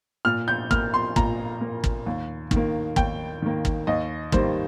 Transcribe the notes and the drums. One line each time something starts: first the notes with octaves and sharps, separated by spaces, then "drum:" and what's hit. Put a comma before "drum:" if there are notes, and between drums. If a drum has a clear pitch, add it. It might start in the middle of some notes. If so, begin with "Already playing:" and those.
A#2 F6
G6
A#3 F6, drum: kick
C6
A#2 A#5, drum: kick
A#3
drum: kick
D#2
D#3, drum: kick
A#3
D#2 G5, drum: kick
D#3 A#3
drum: kick
D#2 D#5
D#3 G3 A#3 C5, drum: kick